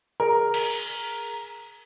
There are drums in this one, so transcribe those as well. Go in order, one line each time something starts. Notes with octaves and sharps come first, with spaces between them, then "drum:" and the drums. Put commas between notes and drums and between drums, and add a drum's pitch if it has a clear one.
G#4 A#4
drum: cymbal